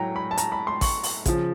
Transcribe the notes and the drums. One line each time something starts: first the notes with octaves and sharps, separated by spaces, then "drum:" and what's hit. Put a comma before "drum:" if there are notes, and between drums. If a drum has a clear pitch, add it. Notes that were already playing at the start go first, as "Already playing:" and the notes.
Already playing: A2 F#3 G5 A#5
B5
A5
A#5, drum: hi-hat
B5
C6
C#6, drum: kick, open hi-hat
drum: open hi-hat
C#3 F3, drum: kick, hi-hat